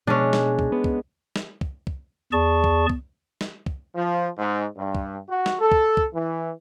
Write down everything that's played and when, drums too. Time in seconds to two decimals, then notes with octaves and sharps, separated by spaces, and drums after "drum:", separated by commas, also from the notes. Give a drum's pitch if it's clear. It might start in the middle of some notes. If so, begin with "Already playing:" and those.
0.07 B2 G#3 C#4 D4
0.33 drum: snare
0.59 drum: kick
0.72 B3
0.84 drum: kick
1.36 drum: snare
1.61 drum: kick
1.87 drum: kick
2.33 E2 G#4 D5 A5 C#6
2.64 drum: kick
2.89 drum: kick
3.41 drum: snare
3.66 drum: kick
3.95 F3
4.38 G#2
4.77 G2
4.95 drum: kick
5.29 F#4
5.46 drum: snare
5.60 A4
5.72 drum: kick
5.97 drum: kick
6.14 E3